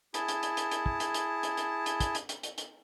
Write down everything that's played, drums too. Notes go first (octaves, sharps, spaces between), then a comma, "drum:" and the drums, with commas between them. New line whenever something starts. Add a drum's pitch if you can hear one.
E4 G#4 A5, drum: hi-hat
drum: hi-hat
drum: hi-hat
drum: hi-hat
drum: hi-hat
drum: kick
drum: hi-hat
drum: hi-hat
drum: hi-hat
drum: hi-hat
drum: hi-hat
drum: kick, hi-hat
drum: hi-hat
drum: hi-hat
drum: hi-hat
drum: hi-hat